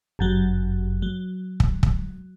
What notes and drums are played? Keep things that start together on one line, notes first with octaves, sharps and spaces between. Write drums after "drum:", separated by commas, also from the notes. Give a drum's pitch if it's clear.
G1 F#2 F#3
F#3
drum: kick
drum: kick